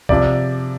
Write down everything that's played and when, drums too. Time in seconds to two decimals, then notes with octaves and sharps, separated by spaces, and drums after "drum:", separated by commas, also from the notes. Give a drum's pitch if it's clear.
0.09 C3 F3 D5, drum: kick B1